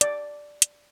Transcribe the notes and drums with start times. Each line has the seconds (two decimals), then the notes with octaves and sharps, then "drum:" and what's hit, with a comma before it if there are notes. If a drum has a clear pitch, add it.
0.01 D5, drum: hi-hat
0.62 drum: hi-hat